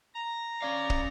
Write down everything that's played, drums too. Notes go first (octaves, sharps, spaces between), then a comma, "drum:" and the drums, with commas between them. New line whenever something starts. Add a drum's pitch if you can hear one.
A#5
C#4 D5 F5
drum: kick